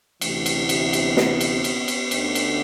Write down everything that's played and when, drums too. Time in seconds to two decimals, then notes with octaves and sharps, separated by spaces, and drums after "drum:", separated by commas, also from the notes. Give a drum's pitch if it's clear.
0.21 D2 C3 E3 A3, drum: cymbal
0.46 drum: cymbal
0.69 B3, drum: cymbal
0.93 drum: cymbal
1.17 drum: snare
1.41 drum: cymbal
1.64 drum: cymbal
1.88 drum: cymbal
2.11 D2 D3, drum: cymbal
2.35 drum: cymbal